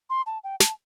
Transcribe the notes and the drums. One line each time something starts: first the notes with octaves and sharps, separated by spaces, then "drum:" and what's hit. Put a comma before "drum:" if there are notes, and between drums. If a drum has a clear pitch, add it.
C6
A5
G5
A5, drum: snare